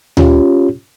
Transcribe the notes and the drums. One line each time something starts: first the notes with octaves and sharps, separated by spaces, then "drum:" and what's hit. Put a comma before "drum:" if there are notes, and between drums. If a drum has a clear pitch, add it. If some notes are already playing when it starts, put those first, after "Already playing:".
C#4 F4 G4 C#5, drum: tom D2